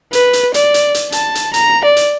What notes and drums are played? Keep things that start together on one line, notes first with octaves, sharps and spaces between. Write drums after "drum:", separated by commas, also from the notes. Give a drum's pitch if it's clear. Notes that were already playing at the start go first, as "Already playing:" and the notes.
B4, drum: hi-hat
drum: hi-hat
D5, drum: hi-hat
drum: hi-hat
drum: hi-hat
A5, drum: hi-hat
drum: hi-hat
A#5, drum: hi-hat
D5
drum: hi-hat